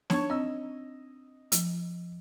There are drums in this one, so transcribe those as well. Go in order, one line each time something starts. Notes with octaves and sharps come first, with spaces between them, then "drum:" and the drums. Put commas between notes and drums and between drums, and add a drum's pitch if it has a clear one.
D4 D#4 C#5 A5 C#6 G#6, drum: snare
C4 D#5 E6
F3, drum: hi-hat